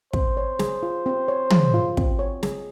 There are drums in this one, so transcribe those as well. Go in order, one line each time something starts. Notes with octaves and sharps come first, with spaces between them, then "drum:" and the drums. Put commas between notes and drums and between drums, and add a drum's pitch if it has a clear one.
C4 C5, drum: kick
C#5
G#4, drum: snare
F4
C4
C#5
G#4, drum: tom
F4
C4, drum: kick
C#5
G#4, drum: snare